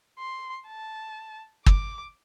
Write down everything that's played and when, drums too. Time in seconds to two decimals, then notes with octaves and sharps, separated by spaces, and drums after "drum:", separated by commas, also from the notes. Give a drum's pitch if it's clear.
0.19 C6
0.68 A5
1.66 D6, drum: kick